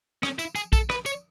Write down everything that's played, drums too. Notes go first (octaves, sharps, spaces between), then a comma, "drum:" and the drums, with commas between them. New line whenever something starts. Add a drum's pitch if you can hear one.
C#4, drum: rim click
E4, drum: tambourine
G#4, drum: tambourine
A4, drum: kick, tambourine
B4, drum: rim click
C#5, drum: tambourine